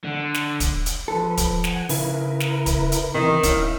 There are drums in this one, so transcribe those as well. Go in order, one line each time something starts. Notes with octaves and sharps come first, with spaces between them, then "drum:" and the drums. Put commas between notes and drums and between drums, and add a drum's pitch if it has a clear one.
D3
drum: snare
drum: kick, hi-hat
drum: hi-hat
F3 A4 B4
drum: kick, hi-hat
F#5 G#5, drum: snare
C#3 D#4 E4 A#4 B4, drum: open hi-hat
drum: snare
drum: kick, hi-hat
drum: hi-hat
C3 D#3 E3
C#4 D#4 E4 E5 F5, drum: kick, hi-hat